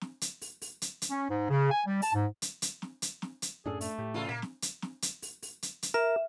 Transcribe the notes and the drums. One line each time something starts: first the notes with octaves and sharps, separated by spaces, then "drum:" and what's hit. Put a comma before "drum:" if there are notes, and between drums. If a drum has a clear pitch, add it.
drum: snare
drum: hi-hat
drum: open hi-hat
drum: open hi-hat
drum: hi-hat
drum: hi-hat
C#4
G#2
C#3
G#5
G3
A5, drum: open hi-hat
G#2
drum: hi-hat
drum: hi-hat
drum: snare
drum: hi-hat
drum: snare
drum: hi-hat
F#2 A2 C#4 D4 G#4 A4
A3, drum: open hi-hat
A2 G4
E2 C#3 F4 A4
A#2 A#3 B6 E7
drum: snare
drum: hi-hat
drum: snare
drum: hi-hat
drum: open hi-hat
drum: open hi-hat
drum: hi-hat
drum: hi-hat
A#4 E5